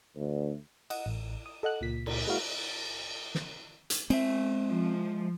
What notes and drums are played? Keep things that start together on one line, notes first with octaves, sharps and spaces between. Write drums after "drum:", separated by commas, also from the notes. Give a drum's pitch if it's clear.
D2
D#5 F#5, drum: cymbal
A1
D#6
A4 D#5 F#5 F#6
C#2 A#2 B6
drum: cymbal
G#3 A#3 E4 F#4 F5
drum: snare
drum: hi-hat
G#3 C4 E5, drum: cymbal
F3